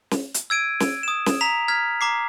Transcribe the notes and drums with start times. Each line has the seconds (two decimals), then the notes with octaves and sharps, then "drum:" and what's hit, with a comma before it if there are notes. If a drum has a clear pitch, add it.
0.11 drum: snare
0.34 drum: hi-hat
0.50 E6 G#6 D7 D#7
0.80 drum: snare
1.03 D#6 E7
1.26 drum: snare
1.41 A#5 B6 F7
1.68 F6 G#6 B6
2.01 A#5 D6 C7